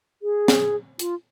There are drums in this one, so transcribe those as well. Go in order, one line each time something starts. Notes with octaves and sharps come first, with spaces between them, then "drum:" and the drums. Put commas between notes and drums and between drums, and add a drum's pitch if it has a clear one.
G#4
drum: snare
F4, drum: hi-hat